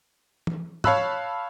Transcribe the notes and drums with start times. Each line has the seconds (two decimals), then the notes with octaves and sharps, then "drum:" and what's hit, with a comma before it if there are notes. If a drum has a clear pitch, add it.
0.47 drum: tom
0.84 C#5 F5 A5 B5 E6 F#6, drum: tom